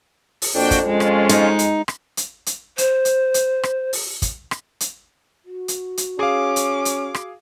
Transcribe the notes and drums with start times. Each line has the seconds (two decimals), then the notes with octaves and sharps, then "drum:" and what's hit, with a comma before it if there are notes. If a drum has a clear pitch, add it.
0.42 drum: open hi-hat
0.55 F2 A#3 D4 F#4 G5
0.71 drum: kick, hi-hat
0.87 G#3 C#4 F4
1.00 drum: rim click
1.29 D#4, drum: hi-hat
1.59 drum: hi-hat
1.88 drum: rim click
2.17 drum: hi-hat
2.46 drum: hi-hat
2.78 C5, drum: hi-hat
3.05 drum: hi-hat
3.34 drum: hi-hat
3.63 drum: rim click
3.93 drum: open hi-hat
4.22 drum: kick, hi-hat
4.51 drum: rim click
4.80 drum: hi-hat
5.45 F#4
5.68 drum: hi-hat
5.97 drum: hi-hat
6.19 C#4 G#4 F5 D6
6.56 drum: hi-hat
6.85 drum: hi-hat
7.14 drum: rim click